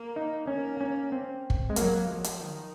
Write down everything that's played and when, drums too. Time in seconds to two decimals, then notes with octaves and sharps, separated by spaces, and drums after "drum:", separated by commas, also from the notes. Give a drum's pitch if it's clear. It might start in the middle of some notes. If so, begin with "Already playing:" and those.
Already playing: A#3
0.16 D#4
0.47 A#3 C#4
0.81 C#4
1.12 C4
1.50 drum: kick
1.70 G#3
1.76 F#3 A#3, drum: hi-hat
2.09 F3
2.24 drum: hi-hat
2.41 D#3